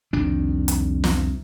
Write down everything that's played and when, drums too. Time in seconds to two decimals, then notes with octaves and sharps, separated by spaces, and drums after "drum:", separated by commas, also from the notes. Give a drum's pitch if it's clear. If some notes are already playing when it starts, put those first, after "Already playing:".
0.13 C2 F2 D#3 D4
0.68 drum: hi-hat
1.04 drum: snare